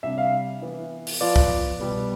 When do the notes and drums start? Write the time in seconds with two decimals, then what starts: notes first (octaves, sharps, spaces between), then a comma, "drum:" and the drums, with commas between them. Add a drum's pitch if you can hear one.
0.03 C3 G3 D4 E5
0.18 F5
0.62 E3 B3 E4
1.07 drum: open hi-hat
1.20 F3 B3 F4 D5
1.36 drum: kick
1.80 B2 G3 B3